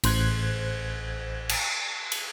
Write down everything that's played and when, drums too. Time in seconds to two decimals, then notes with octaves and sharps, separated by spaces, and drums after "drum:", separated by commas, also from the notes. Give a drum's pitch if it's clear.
0.04 A1 C5 F#6 G#6, drum: cymbal
1.49 drum: cymbal
2.12 drum: cymbal